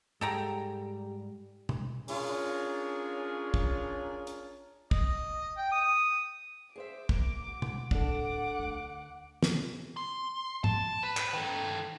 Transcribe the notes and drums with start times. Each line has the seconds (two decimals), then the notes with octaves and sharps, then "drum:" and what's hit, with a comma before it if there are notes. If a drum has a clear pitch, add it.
0.21 G#2 G3 A4 G5 A#5
1.69 drum: tom B2
2.08 C#4 D4 F4 G#4 A#4 C#5, drum: open hi-hat
3.54 drum: kick
4.27 drum: hi-hat
4.91 D#5, drum: kick
5.58 G5
5.71 D#6
6.76 G#4 C5 E5 D6
7.09 A#3, drum: kick
7.48 F#4
7.62 drum: tom B2
7.91 D1 D4 A4 F#5 D6, drum: kick
8.59 D2
9.43 drum: snare
9.97 C6
10.64 A5, drum: tom G#2
11.03 B4
11.17 drum: clap
11.33 D#3 A4